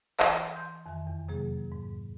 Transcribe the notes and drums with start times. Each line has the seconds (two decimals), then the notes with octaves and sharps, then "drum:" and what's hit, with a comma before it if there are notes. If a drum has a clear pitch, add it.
0.20 E3, drum: clap
0.55 C6 G6
0.86 F2 D#3 E5 G#5
1.07 E2
1.28 C3 F#3 A#3 G#4
1.72 G#2